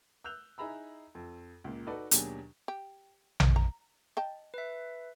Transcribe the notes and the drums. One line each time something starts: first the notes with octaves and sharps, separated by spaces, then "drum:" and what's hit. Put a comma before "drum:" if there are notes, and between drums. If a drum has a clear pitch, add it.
E6 F#6 G6 F7
D#4 E4 G#4 A#5 B5 E6
F2
C#2 A#2
D#4 F#4 A4 B4 D5 D#5
D#2 B2 F#3 D4 G4 G#4, drum: hi-hat
G4
drum: tom A#1
A#5
D#5 G5 A5
B4 E5